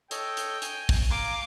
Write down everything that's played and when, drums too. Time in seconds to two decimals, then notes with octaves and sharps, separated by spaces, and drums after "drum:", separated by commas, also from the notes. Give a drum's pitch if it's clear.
0.11 A4 C#5 D#5 G5, drum: hi-hat
0.37 drum: hi-hat
0.62 G#5, drum: hi-hat
0.89 drum: kick, open hi-hat
1.10 F5 G#5 A#5 D6